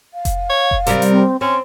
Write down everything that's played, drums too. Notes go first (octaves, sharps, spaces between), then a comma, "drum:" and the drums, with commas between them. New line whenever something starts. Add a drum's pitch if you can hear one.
F5
drum: kick F1, hi-hat
C#5
drum: kick F1
C3 G3 A#4, drum: hi-hat
drum: hi-hat
C4
C4 C#4 C6